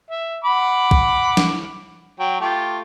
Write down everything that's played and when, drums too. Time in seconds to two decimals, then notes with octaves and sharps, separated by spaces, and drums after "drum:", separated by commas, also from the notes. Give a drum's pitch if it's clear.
0.10 E5
0.44 F#5 B5 D6
0.91 drum: kick B1
1.37 drum: snare
2.20 F#3 G5
2.40 A3 F4 G4